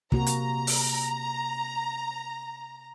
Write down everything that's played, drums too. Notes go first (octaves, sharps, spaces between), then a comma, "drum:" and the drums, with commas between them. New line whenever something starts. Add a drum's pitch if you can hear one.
C3 A#3 F#4 A#5, drum: kick
drum: hi-hat
drum: open hi-hat